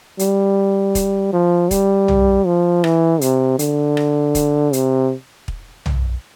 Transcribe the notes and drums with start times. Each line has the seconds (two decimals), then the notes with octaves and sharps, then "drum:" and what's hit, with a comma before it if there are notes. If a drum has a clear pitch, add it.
0.19 G3, drum: hi-hat
0.95 drum: kick, hi-hat
1.33 F3
1.71 G3, drum: kick, hi-hat
2.08 drum: tom B1
2.46 F3
2.84 E3, drum: rim click
3.21 C3, drum: hi-hat
3.59 D3, drum: hi-hat
3.97 drum: rim click
4.35 drum: kick, hi-hat
4.73 C3, drum: hi-hat
5.48 drum: kick
5.86 drum: tom B1